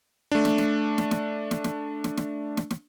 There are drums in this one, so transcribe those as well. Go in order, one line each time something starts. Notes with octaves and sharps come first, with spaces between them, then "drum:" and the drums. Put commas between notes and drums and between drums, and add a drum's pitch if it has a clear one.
A3 D4
drum: snare
drum: snare
drum: snare
drum: snare
drum: snare
drum: snare
drum: snare
drum: snare
drum: snare
drum: snare